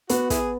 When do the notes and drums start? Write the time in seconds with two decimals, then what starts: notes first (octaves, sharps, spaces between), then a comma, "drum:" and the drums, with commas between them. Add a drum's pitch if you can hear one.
0.09 B3 F#4, drum: hi-hat
0.30 E4 G#4, drum: kick, hi-hat